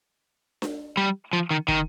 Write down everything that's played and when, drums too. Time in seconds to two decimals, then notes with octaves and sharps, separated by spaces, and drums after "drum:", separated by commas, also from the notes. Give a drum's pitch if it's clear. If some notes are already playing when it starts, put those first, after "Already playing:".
0.62 drum: snare D4
0.97 G3
1.33 F3
1.51 D#3
1.68 D#3, drum: kick